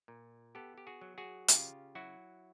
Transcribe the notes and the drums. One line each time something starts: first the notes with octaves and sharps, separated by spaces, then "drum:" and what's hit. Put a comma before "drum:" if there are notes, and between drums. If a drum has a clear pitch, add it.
A#2
B3 G4 A4
G4
F#4 G#4
F#3
F#4 G#4
C#3 F4 G4, drum: hi-hat
F#3 E4 F#4